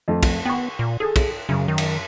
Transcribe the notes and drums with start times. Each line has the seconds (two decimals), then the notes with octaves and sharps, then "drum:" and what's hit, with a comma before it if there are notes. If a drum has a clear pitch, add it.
0.08 F2 A3
0.23 drum: kick, cymbal
0.45 B3 G5 C#6
0.79 A#2
1.00 G#4 A4
1.16 drum: kick, cymbal
1.49 F#2 C#3
1.68 D#3
1.78 drum: cymbal